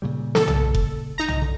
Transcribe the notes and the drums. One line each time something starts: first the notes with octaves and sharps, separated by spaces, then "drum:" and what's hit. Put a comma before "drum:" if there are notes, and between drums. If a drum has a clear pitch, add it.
A#2 C#3 G3
A4, drum: snare
drum: tom B1
drum: kick F1
D#4 A#5
drum: tom B1
D3